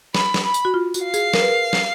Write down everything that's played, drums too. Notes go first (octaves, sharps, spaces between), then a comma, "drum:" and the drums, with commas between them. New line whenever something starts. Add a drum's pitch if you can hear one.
B5, drum: snare
drum: snare
B5
drum: tambourine
F#4
F4
F#4, drum: tambourine
F5
G#4, drum: tambourine
A#4, drum: snare
B4
A#4
drum: snare